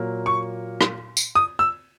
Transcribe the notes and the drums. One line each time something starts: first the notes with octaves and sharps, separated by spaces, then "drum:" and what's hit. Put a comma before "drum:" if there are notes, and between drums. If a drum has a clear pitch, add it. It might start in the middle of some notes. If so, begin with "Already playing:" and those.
Already playing: A#2 F#3 A#3
C#6
drum: rim click
drum: tambourine
D#6
E6